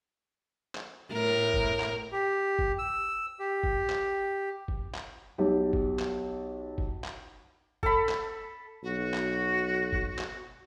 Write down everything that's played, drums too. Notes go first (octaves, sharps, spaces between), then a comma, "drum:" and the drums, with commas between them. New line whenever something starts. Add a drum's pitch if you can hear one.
drum: clap
A2 A#4
drum: kick
drum: clap
G4
drum: kick
E6
G4
drum: kick
drum: clap
drum: kick
drum: clap
B1 G4
drum: kick
drum: clap
drum: kick
drum: clap
A4 B5, drum: kick
drum: clap
B1 F#4
drum: clap
drum: kick
drum: clap